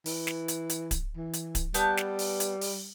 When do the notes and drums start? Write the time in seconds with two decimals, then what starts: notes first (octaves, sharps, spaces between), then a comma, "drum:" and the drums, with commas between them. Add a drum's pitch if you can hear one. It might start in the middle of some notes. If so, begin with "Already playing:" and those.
0.06 E3, drum: open hi-hat
0.27 drum: snare
0.48 drum: hi-hat
0.70 drum: hi-hat
0.91 drum: kick D1, hi-hat
1.16 E3
1.33 drum: hi-hat
1.55 drum: kick D1, hi-hat
1.74 G3 B3 A5 G6, drum: hi-hat
1.97 drum: snare
2.19 drum: open hi-hat
2.40 drum: hi-hat
2.61 drum: open hi-hat